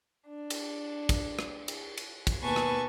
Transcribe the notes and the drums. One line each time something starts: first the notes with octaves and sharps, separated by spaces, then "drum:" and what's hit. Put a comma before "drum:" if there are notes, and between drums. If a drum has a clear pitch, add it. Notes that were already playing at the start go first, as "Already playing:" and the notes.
D4
drum: cymbal
drum: kick, cymbal
drum: rim click
drum: cymbal
drum: cymbal
drum: kick, cymbal
D#2 B2 B4 G#5 A5 C#6
drum: rim click